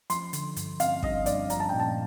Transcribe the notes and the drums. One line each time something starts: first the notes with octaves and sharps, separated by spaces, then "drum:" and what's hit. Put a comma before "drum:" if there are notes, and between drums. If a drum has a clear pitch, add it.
F3 C6, drum: hi-hat
D3, drum: hi-hat
G2, drum: hi-hat
C4 F5, drum: hi-hat
G2 D#5, drum: kick
G2 D5, drum: hi-hat
F3 A#5, drum: hi-hat
A5
A#2 G5
A5